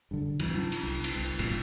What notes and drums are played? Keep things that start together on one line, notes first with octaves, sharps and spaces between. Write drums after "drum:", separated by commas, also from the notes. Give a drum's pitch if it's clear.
G2 D3
C#2 G2 C3 E3, drum: cymbal
F#3 C#4
drum: cymbal
C2
drum: cymbal
C2
G#1 G2 A#2 F#3, drum: cymbal